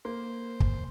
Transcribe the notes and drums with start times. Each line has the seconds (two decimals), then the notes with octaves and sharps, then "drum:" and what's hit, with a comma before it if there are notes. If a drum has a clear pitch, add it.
0.05 A#3 C5
0.60 drum: kick